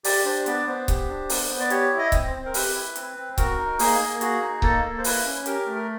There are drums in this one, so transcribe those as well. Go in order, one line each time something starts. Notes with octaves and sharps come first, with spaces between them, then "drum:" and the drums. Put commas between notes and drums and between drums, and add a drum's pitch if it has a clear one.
G4 D5, drum: open hi-hat
D4 C5
B3 D5, drum: hi-hat
B3 C5
G4, drum: kick C#1, hi-hat
D4
B3, drum: open hi-hat
B3
D5
G4 C#5, drum: hi-hat
E4
D#5
C4, drum: kick C#1, hi-hat
C5
C4
A#4
G4 B4, drum: open hi-hat
E4
C4, drum: hi-hat
C4
F#4 A#4, drum: kick C#1, hi-hat
D#4
A#3 G#4, drum: open hi-hat
A#3
F#4 G#4, drum: hi-hat
D#4
A#3 A4, drum: kick C#1
A#3
C5
E4 B4, drum: open hi-hat
C#4
G4 A#4, drum: hi-hat
A3
A#4